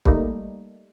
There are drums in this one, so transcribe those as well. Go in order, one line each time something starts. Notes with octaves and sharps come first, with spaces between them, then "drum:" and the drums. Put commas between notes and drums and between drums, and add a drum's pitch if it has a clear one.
G3 A3 A#3 D#4, drum: kick